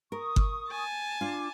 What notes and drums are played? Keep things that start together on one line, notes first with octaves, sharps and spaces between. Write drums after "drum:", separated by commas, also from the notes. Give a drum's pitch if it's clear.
A#4 C#6 D#6
drum: kick G1
G#5 A5
D4 F4 D6